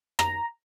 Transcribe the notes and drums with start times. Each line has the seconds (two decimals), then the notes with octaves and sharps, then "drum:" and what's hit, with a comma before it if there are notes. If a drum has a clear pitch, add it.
0.19 A#5, drum: rim click